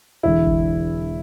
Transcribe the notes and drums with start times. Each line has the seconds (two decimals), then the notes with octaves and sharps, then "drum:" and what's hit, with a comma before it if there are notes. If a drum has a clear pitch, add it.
0.23 E1 E2 D3 E4
0.47 drum: kick G#1